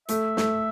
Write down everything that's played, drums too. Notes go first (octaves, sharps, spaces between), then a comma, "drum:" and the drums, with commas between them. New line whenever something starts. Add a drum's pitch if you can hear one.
A3 E5, drum: hi-hat
A3, drum: snare